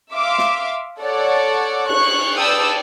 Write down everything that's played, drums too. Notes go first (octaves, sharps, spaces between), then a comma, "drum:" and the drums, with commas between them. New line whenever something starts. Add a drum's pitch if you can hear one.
E5 F5 C6 D6
drum: snare
A4 C#5 D5 F#5
C#6 F#6, drum: cymbal
B4 D5 G5 A5 D#6 E6